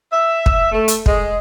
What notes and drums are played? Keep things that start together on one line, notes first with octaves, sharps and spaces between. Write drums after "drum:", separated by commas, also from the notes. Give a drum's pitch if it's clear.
E5
drum: kick
A3
drum: hi-hat
G#3, drum: kick